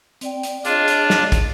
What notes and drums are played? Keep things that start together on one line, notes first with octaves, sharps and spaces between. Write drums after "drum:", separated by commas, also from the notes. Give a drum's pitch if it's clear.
C4 D5 G5, drum: hi-hat
drum: hi-hat
D4 F4 G#4 C#5 D#5, drum: hi-hat
drum: hi-hat
drum: snare
drum: kick, hi-hat